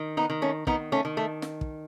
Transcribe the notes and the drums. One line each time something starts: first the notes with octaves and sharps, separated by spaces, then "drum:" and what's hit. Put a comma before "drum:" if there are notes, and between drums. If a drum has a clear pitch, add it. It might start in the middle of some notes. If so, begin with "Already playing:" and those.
Already playing: D#3
B3 D#4
D#3
A3 C#4
D#3 B3 D#4, drum: kick
A3 C#4
D#3
A3
drum: snare
drum: kick